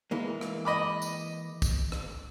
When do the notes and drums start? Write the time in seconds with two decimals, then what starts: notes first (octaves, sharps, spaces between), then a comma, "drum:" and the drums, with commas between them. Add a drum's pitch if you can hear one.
0.11 E3 G#3 A#3
0.41 drum: rim click
0.65 D#5 B5 D6
1.02 drum: tambourine
1.62 drum: kick, tambourine
1.92 drum: rim click